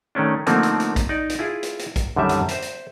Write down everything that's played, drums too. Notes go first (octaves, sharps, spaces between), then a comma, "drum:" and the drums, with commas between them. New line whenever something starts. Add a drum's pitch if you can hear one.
D#3 A3 C#4 D4
D3 F3 A3 A#3 C4 D#4, drum: hi-hat
drum: hi-hat
drum: hi-hat
drum: kick B1, hi-hat
D#4 D5
drum: hi-hat
E4 F4 G#4
drum: hi-hat
drum: hi-hat
drum: kick B1, hi-hat
F#2 D3 D#3 G3 E5
drum: hi-hat
C5 E5, drum: hi-hat
drum: hi-hat